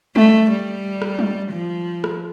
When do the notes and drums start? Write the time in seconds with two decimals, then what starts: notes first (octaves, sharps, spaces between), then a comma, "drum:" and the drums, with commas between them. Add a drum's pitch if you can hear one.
0.16 A3, drum: tom
0.50 G3
1.02 drum: rim click
1.19 drum: tom
1.52 F3
2.04 drum: rim click